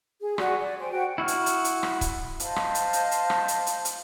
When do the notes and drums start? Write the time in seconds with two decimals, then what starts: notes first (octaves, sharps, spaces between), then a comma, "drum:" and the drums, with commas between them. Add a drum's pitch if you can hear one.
0.21 G#4
0.38 F#4 D5 F#5 G#5, drum: rim click
0.59 D5
0.79 C5 G5 G#5
0.91 F#4 C5 F#5 G5
1.18 E4 F#4 C#6 F6
1.28 drum: hi-hat
1.46 drum: hi-hat
1.64 drum: hi-hat
1.83 drum: rim click
2.01 drum: kick, hi-hat
2.40 C5 D#5 F5 A5, drum: hi-hat
2.56 drum: rim click
2.75 drum: hi-hat
2.93 drum: hi-hat
3.11 drum: hi-hat
3.30 drum: rim click
3.48 drum: hi-hat
3.67 drum: hi-hat
3.85 drum: hi-hat